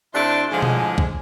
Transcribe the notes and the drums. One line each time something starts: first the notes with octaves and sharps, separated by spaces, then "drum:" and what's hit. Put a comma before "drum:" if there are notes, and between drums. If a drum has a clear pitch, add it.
C3 A3 D4 E4 C6
A2 D3 F3 G#3 G#4
drum: tom B2
drum: kick